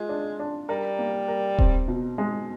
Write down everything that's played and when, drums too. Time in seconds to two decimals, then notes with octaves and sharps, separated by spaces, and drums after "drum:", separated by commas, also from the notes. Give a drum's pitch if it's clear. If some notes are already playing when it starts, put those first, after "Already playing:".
Already playing: G#3 F4
0.09 D4
0.40 D4
0.69 G3 A#4
0.99 A#3
1.28 A#4
1.59 C4, drum: kick D#1
1.88 B2
2.18 G#3